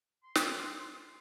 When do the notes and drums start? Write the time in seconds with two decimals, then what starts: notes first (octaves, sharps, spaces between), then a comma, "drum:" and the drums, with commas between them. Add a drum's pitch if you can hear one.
0.23 C6
0.35 drum: snare